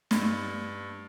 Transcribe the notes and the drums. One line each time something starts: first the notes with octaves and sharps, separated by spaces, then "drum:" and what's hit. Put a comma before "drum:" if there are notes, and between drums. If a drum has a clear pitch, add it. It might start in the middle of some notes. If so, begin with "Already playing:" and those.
G2, drum: snare